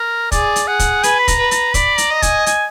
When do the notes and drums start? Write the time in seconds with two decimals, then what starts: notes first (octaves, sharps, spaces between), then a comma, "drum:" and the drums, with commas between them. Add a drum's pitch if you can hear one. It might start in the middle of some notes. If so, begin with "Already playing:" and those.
Already playing: A#4
0.32 G#4 D5, drum: kick, hi-hat
0.56 drum: hi-hat
0.68 G#4 F#5
0.79 drum: kick, hi-hat
1.03 B4 G#5, drum: hi-hat
1.19 B5
1.28 A#5, drum: kick, hi-hat
1.39 B4
1.51 A#5, drum: hi-hat
1.74 D5 B5, drum: kick, hi-hat
1.98 A#5, drum: hi-hat
2.10 D#5
2.22 G#5, drum: kick, hi-hat
2.46 G#5, drum: hi-hat